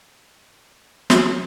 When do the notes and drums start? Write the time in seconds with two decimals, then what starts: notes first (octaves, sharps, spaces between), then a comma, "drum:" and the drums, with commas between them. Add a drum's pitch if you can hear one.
1.10 F#3, drum: snare